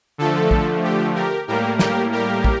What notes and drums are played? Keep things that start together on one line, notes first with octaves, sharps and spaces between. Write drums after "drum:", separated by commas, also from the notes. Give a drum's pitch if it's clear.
D3 F3 A3 A4
drum: kick
G4
G4 A#4
A2 G3 A#3 G4 A#4
G4 A#4, drum: snare
G4 A#4
drum: kick